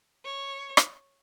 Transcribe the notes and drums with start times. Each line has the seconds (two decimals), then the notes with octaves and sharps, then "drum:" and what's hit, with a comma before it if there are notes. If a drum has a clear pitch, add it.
0.25 C#5
0.77 drum: rim click